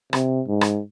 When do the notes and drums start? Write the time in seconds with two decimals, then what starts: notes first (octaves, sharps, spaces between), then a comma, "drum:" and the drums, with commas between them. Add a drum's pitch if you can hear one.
0.13 C3, drum: rim click
0.48 G#2
0.61 drum: rim click